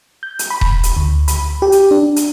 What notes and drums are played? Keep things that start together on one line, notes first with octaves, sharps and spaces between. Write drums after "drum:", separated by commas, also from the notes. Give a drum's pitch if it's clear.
G6
drum: hi-hat
B5
drum: kick D#1
drum: hi-hat
D2
B5, drum: hi-hat
G4
drum: hi-hat
D4
drum: hi-hat